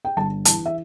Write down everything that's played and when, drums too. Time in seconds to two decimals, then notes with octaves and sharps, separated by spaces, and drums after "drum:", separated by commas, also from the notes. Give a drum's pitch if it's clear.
0.05 G5
0.17 G1 A5
0.45 E3 A5, drum: hi-hat
0.66 E5